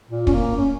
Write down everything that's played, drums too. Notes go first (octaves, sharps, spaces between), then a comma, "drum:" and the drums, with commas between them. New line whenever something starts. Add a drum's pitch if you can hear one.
A#2
C#4, drum: kick
A#3
C#4